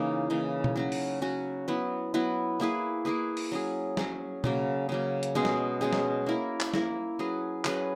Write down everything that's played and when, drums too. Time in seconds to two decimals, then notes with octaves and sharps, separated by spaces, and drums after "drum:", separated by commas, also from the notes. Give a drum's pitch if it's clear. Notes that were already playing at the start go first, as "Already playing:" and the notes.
Already playing: C#3 E3 A#3 D#4
0.30 C#3 E3 A#3 D#4
0.64 drum: tom B2
0.76 F#3 C#4 F#4
0.92 drum: open hi-hat
1.22 F#3 C#4 F#4
1.68 F#3 B3 E4 B4
2.14 F#3 B3 E4 B4
2.60 A#3 E4 G#4 B4
3.05 A#3 E4 G#4 B4
3.37 drum: open hi-hat
3.52 F#3 C#4 G#4
3.97 F#3 C#4 G#4, drum: snare
4.44 C#3 F#3 A#3, drum: tom B2
4.89 C#3 F#3 A#3
5.23 drum: hi-hat
5.35 B2 G#3 C#4 G#4
5.45 drum: snare
5.81 B2 G#3 C#4 G#4
5.93 drum: snare
6.26 A#3 E4 A#4
6.60 drum: clap
6.74 A#3 E4 A#4, drum: snare
7.19 F#3 C#4 G#4 B4
7.65 F#3 C#4 G#4 B4, drum: clap